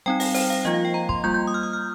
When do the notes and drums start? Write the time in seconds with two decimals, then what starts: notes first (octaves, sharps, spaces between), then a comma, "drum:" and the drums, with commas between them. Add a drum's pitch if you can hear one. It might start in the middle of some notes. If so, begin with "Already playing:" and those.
0.06 G3 C4 D#4 G5
0.20 F5, drum: open hi-hat
0.34 C5, drum: open hi-hat
0.50 F5
0.65 F3 A#3 F4 D#5
0.74 F5
0.85 G5
0.94 A#5
1.09 C6, drum: kick
1.24 G3 A#3 F4 G6
1.34 G6
1.47 D#6
1.54 F6
1.63 D#6
1.73 F6